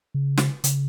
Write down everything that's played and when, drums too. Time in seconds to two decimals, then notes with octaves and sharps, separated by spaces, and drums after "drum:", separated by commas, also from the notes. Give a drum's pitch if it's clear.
0.14 C#3
0.37 drum: snare
0.64 C#3, drum: hi-hat